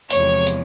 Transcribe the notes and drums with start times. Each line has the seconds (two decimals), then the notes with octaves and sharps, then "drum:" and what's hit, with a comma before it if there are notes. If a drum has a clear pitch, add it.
0.10 E2 C3 F3 G#3 C#5, drum: hi-hat
0.47 drum: hi-hat